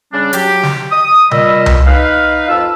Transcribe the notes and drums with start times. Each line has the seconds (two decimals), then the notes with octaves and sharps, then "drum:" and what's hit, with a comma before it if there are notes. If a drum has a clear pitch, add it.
0.13 C#3 G3 C#4 D4
0.33 F#3 G4, drum: hi-hat
0.63 drum: snare
0.92 D#6
1.31 A#2 G3 D#5 B5 E6, drum: tom C3
1.66 drum: tom C2
1.86 D#4 B4 F5
2.49 F2 F4 A5 E6